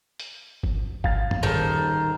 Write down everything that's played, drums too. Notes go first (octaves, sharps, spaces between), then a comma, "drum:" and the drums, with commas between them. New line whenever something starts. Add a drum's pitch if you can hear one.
drum: hi-hat
drum: kick G#1
F5 A6, drum: kick G#1
drum: tom
D#1 D#3 G#3 C5 A5